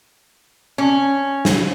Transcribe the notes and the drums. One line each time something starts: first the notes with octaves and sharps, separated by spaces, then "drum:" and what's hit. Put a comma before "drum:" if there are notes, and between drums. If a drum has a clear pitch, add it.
C#4
drum: snare